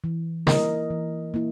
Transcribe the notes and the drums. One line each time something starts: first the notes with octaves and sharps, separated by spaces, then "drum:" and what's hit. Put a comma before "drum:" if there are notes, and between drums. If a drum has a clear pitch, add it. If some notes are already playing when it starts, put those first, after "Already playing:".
E3
A#3 E4 A#4 D#5, drum: snare
E3
A#3 E4